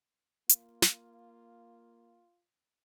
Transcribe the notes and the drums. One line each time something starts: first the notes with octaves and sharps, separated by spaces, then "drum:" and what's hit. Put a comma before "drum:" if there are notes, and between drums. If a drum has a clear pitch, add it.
A#3 F4, drum: hi-hat
drum: snare